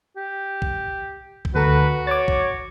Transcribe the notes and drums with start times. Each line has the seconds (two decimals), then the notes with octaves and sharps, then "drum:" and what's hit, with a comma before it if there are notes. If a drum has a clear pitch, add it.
0.17 G4
0.62 drum: kick
1.45 drum: kick
1.55 D2 F#4 A4 B4 A#5
2.07 C#5 D6 A6
2.28 drum: kick